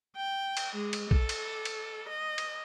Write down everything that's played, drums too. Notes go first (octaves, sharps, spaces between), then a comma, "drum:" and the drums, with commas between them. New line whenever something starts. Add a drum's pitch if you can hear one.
G5
drum: cymbal
G#3
drum: cymbal
A4, drum: kick B1
drum: cymbal
drum: cymbal
D#5
drum: cymbal